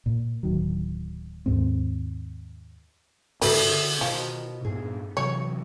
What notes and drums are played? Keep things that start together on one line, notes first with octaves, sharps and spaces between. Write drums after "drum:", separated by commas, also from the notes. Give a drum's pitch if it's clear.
A#2
D1 D#3 F#3
D#2 G#2 C4
G2 C#3 D4 A4 B4 D5 E5, drum: open hi-hat
D3
B2 D#3 F3 F4
G2 A#2 B3 G#4
C3 E3 F#3 C#5